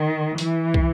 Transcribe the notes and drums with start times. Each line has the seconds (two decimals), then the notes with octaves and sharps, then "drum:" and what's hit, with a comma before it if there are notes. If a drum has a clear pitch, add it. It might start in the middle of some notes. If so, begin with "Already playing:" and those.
Already playing: D#3
0.38 E3, drum: hi-hat
0.74 drum: kick